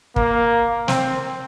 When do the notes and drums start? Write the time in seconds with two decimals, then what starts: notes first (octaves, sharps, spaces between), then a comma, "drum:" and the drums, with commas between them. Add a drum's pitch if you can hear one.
0.16 A#3, drum: kick
0.88 C4, drum: snare